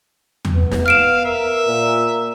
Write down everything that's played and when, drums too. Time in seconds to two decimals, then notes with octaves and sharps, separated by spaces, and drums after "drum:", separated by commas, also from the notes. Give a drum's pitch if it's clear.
0.45 drum: tom E2
0.56 B3
0.71 drum: snare
0.86 F5 F6 D7 E7
1.25 A#4 E5
1.68 A#2